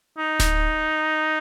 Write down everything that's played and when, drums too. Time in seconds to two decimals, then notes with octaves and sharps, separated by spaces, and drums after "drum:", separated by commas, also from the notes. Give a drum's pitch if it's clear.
0.18 D#4
0.40 drum: snare D1